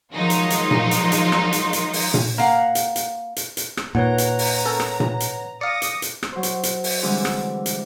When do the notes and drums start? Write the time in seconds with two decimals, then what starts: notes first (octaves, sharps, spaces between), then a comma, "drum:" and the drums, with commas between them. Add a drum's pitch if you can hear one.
0.13 D#3 F3 F#3 G#3 D#4 F4
0.30 drum: hi-hat
0.50 drum: hi-hat
0.71 drum: tom A#2
0.91 drum: hi-hat
1.12 drum: hi-hat
1.32 drum: rim click
1.53 drum: hi-hat
1.73 drum: hi-hat
1.93 drum: open hi-hat
2.14 drum: tom A#2
2.38 A#3 F5 F#5
2.75 drum: hi-hat
2.96 drum: hi-hat
3.36 drum: hi-hat
3.57 drum: hi-hat
3.77 drum: rim click
3.95 D#2 A#2 B4 C#5 F#5 A#5
4.18 drum: hi-hat
4.39 drum: open hi-hat
4.65 C#4 A4 A#4
4.80 drum: rim click
5.00 drum: tom A#2
5.20 drum: hi-hat
5.61 D5 F5 D6 D#6 A#6 C#7
5.82 drum: hi-hat
6.02 drum: hi-hat
6.23 drum: rim click
6.32 F#3 C5
6.43 drum: hi-hat
6.63 drum: hi-hat
6.84 drum: open hi-hat
7.02 D3 E3 G3 G#3 C4 E4
7.25 drum: rim click
7.66 drum: hi-hat